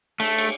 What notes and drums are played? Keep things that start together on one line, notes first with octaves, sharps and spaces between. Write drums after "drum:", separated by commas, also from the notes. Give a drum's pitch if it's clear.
A3, drum: cymbal
drum: cymbal